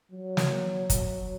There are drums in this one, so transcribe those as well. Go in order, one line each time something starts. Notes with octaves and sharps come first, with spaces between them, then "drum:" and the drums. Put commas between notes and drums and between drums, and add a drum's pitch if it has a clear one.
F#3
drum: snare
drum: kick, hi-hat